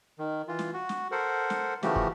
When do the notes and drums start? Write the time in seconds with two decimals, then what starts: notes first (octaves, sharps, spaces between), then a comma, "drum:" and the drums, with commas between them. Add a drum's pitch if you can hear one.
0.19 D#3
0.48 E3 F4
0.59 drum: snare
0.74 F#4
0.89 drum: snare
1.12 A4 A#4 C5 F#5
1.50 drum: snare
1.83 C#3 E3 F3 A3 F#4 G4, drum: snare
1.96 drum: kick